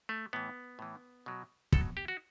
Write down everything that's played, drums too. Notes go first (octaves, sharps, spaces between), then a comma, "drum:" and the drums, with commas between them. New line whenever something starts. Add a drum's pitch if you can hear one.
A3
A2 E3 B3
A2 E3
B2 F#3
B2 F#3 A4, drum: kick
G4
F#4